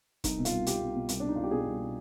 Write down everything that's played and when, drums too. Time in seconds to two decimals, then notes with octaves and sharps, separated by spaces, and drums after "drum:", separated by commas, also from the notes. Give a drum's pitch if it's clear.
0.24 C2 D#4, drum: kick, hi-hat
0.38 B2
0.45 F4, drum: hi-hat
0.52 C2
0.67 B2 G4, drum: hi-hat
0.81 C2
0.96 B2
1.09 C2, drum: hi-hat
1.20 B2 D4
1.29 D#4
1.36 C2 F4
1.44 G4
1.51 B2 G#4
1.66 C2
1.79 B2